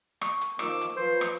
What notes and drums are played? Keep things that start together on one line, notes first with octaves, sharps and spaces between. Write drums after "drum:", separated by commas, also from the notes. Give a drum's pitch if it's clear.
C#6, drum: rim click
drum: hi-hat
D#3 F3 A#3 D6 E6, drum: rim click
drum: hi-hat
F3 B4 C5
drum: rim click